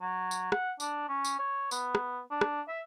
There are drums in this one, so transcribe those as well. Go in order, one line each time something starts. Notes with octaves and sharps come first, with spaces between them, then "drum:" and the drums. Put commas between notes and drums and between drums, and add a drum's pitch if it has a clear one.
F#3
drum: tambourine
F#5, drum: rim click
D4, drum: tambourine
C#4
drum: tambourine
C#5
B3, drum: tambourine
drum: rim click
D4
drum: rim click
E5